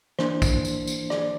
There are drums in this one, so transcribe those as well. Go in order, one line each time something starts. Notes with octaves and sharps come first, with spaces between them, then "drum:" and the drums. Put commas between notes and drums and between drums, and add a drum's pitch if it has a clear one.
E3 A#3 D4 C5, drum: rim click
drum: kick, tambourine
drum: tambourine
drum: tambourine
D5, drum: rim click